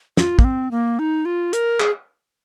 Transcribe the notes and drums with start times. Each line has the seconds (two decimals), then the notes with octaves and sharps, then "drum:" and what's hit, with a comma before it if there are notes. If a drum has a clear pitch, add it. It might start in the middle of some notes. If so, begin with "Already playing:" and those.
0.17 F4, drum: snare
0.39 A#3, drum: kick
0.44 C4
0.71 A#3
0.99 D#4
1.25 F4
1.53 A#4, drum: hi-hat
1.80 G#4, drum: clap